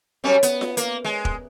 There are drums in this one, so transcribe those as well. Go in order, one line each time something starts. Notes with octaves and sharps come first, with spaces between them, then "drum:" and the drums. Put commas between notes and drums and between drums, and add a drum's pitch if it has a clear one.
F#2 G3 C#4
B3, drum: hi-hat
drum: snare F4
A#3, drum: hi-hat
G#3
drum: kick E1